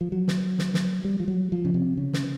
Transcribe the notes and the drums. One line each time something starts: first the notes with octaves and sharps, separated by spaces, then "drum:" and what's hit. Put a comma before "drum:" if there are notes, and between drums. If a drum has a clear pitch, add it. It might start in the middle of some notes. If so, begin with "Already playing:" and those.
F3
F#3
drum: snare
drum: snare
drum: snare
G3
F3
F#3
F3
C#3
C3
C#3
drum: snare